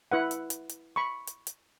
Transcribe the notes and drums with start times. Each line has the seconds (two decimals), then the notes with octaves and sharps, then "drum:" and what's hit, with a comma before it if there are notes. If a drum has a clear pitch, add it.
0.12 E4 B4 F#5
0.31 drum: hi-hat
0.50 drum: hi-hat
0.69 drum: hi-hat
0.96 B5 C#6
1.27 drum: hi-hat
1.47 drum: hi-hat